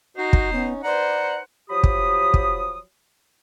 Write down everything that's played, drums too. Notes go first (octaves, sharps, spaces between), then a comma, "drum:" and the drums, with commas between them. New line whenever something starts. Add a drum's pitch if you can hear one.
D#4 F#4 C5 A#5
drum: kick
B3 C#4
B4 C5 D5 F#5 A#5
F3 F#3 G4 B5 D#6
drum: kick
drum: kick